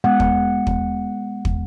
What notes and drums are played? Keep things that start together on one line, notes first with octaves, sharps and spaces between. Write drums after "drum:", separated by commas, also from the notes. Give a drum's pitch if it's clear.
G#3 B3 F#5
drum: kick
drum: kick
drum: kick